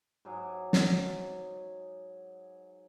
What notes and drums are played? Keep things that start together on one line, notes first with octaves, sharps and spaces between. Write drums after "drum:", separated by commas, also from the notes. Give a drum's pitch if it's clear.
G#2 F#3 G#4 D6
drum: snare